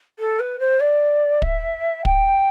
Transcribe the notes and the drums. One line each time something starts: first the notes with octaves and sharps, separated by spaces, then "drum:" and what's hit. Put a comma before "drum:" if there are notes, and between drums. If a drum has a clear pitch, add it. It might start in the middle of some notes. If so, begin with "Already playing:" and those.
A4
B4
C5
D5
E5, drum: kick
G5, drum: kick